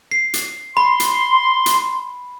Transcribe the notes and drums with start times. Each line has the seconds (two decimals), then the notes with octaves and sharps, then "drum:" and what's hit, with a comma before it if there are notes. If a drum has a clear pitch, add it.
0.11 C7
0.34 drum: hi-hat
0.77 B5 C6
1.00 drum: hi-hat
1.66 drum: hi-hat